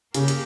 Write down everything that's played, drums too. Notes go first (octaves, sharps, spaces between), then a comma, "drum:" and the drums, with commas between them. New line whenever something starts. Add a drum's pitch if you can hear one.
C#3 A#3 G4 A#4, drum: hi-hat
drum: hi-hat